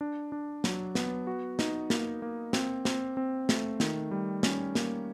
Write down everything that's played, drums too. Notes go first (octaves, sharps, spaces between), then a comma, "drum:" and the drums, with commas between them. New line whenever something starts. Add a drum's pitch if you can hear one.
D4
D4
F#3, drum: snare
B3, drum: snare
F#4
D#4, drum: snare
A#3, drum: snare
A#3
C4, drum: snare
C4, drum: snare
C4
A3, drum: snare
D#3, drum: snare
G3
C#4, drum: snare
A#3, drum: snare